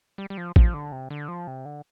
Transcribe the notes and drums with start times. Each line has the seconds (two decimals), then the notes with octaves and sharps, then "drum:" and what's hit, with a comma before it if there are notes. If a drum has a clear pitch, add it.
0.18 G3
0.30 G3
0.38 F3
0.56 F3, drum: kick A1
0.74 D3
0.92 C3
1.10 D3
1.28 F3
1.47 C3
1.65 D3